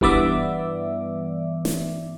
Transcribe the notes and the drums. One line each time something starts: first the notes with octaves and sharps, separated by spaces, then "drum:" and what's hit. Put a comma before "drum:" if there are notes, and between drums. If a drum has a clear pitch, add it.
G2 E3 B3 D5 E5 D6, drum: kick D#1
drum: snare